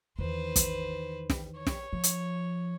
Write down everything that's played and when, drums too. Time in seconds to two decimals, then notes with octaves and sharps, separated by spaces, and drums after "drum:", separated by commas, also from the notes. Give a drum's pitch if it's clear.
0.19 E2 D#3 B4 C5
0.56 drum: kick, hi-hat
1.30 drum: snare
1.57 C#5
1.67 drum: snare
1.92 F3
2.04 drum: hi-hat